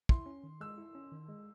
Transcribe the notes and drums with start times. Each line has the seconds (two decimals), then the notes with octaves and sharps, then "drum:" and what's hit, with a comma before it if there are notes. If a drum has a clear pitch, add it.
0.09 E4 C6, drum: kick
0.26 C#4
0.44 D#3
0.61 G#3 E6
0.78 E4
0.95 C#4
1.12 D#3
1.29 G#3